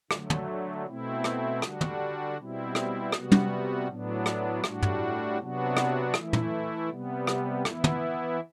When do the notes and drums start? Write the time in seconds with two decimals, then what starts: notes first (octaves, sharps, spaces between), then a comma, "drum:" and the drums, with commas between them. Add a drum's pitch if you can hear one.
0.11 D3 F#3 A3, drum: rim click
0.30 drum: tom
0.87 B2 A3 C4 E4
1.24 drum: rim click
1.62 D3 G3 D4 F#4, drum: rim click
1.81 drum: tom
2.37 B2 G3 C4 E4
2.75 drum: rim click
3.12 C3 G3 B3 F#4, drum: rim click
3.32 drum: tom
3.88 A2 F#3 B3 D4
4.26 drum: rim click
4.64 A2 G3 D4 F#4, drum: rim click
4.82 drum: tom
5.39 C3 F#3 B3 D4 F#4
5.77 drum: rim click
6.14 E3 A3 E4, drum: rim click
6.33 drum: tom
6.89 C3 G3 B3
7.27 drum: rim click
7.65 E3 B3 E4, drum: rim click
7.84 drum: tom